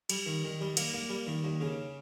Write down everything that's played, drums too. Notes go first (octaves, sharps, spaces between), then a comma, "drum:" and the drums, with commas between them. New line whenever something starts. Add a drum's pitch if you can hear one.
G3, drum: cymbal
D#3
D#3
G3
A#3, drum: cymbal
A#3
G3
D#3
D#2
C#3